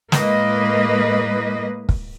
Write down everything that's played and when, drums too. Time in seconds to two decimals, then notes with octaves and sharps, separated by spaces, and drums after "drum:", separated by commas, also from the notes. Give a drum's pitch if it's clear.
0.12 A2 G#3 A#3 B4 D#5, drum: snare
1.89 drum: kick